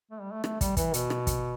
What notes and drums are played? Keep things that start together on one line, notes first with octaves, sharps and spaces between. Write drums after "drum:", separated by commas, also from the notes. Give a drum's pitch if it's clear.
A3
G3
A3
A3, drum: rim click
G3, drum: kick, hi-hat
E3, drum: kick, hi-hat
B2, drum: hi-hat
drum: rim click
drum: kick, hi-hat